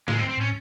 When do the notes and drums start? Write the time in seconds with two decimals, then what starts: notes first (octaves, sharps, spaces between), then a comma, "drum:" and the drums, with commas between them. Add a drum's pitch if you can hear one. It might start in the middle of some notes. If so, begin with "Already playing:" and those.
0.08 A2 G#3, drum: snare
0.19 C4
0.29 C4
0.37 A2 C#4